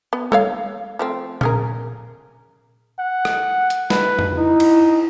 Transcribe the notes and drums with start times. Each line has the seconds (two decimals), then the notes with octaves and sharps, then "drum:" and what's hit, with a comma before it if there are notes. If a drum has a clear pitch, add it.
0.13 B3
0.32 A4 C#5 F5, drum: tom G3
0.99 F3 A3 C4
1.41 C#4 G#4 A#4, drum: tom A#2
2.99 F#5
3.25 drum: rim click
3.70 drum: hi-hat
3.90 B4, drum: snare
4.19 drum: tom F2
4.38 D#4 E4
4.60 drum: cymbal